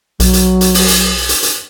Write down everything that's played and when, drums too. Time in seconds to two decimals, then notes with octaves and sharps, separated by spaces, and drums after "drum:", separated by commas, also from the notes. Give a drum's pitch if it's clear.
0.20 B1 F#3, drum: hi-hat
0.33 drum: hi-hat
0.61 drum: hi-hat
0.74 drum: open hi-hat
0.88 drum: hi-hat
1.29 drum: hi-hat
1.43 drum: hi-hat